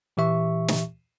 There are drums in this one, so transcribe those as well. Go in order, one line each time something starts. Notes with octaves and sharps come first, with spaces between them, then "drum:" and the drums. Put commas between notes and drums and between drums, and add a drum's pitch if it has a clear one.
A#2 E3 G4 E5 C#6
drum: snare